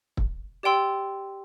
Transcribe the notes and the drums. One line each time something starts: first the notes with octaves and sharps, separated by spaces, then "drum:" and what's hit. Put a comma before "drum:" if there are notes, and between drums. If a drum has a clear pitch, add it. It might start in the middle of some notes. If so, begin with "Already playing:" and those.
drum: kick
G4 D5 G5 C6 E6